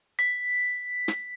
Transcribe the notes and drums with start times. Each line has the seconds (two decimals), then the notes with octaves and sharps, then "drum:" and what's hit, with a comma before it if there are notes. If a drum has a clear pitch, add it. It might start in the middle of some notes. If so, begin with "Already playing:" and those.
0.19 B6, drum: hi-hat
1.08 drum: snare